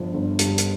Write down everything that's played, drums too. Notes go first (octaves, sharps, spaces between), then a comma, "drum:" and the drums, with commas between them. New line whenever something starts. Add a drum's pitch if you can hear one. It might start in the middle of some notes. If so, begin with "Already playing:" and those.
Already playing: G1 F3
G1
G2, drum: hi-hat
drum: hi-hat